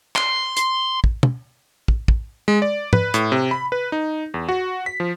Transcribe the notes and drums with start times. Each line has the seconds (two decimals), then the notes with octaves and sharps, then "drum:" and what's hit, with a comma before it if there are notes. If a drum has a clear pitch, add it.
0.16 C6, drum: clap
0.57 drum: hi-hat
1.04 drum: kick
1.23 drum: tom
1.88 drum: kick
2.08 drum: kick
2.48 G#3
2.62 D5
2.93 B4, drum: tom
3.14 A2, drum: hi-hat
3.32 C3
3.51 B5
3.72 B4
3.92 D#4
4.34 E2
4.49 F#4
4.86 B6
5.00 F3